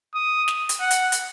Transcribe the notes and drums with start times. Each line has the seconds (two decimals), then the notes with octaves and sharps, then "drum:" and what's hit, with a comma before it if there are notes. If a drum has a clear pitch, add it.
0.15 D#6
0.48 drum: snare
0.69 drum: hi-hat
0.80 F#5
0.91 drum: hi-hat
1.12 drum: hi-hat